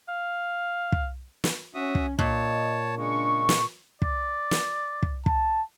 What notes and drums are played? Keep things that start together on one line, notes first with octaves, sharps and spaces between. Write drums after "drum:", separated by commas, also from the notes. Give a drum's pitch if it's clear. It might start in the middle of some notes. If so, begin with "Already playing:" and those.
F5
drum: kick
drum: snare
C#4 F#4 E5 D#6
drum: kick
A#2 C#5 D#5 A5, drum: kick
C#3 G#3 D4 C#6
drum: snare
D5, drum: kick
drum: snare
drum: kick
A5, drum: kick